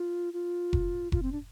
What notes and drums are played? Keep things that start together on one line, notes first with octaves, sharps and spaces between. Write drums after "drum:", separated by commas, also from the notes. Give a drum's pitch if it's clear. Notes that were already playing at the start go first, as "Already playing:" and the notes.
Already playing: F4
F4
drum: kick F1
F4, drum: kick F1
C4
D4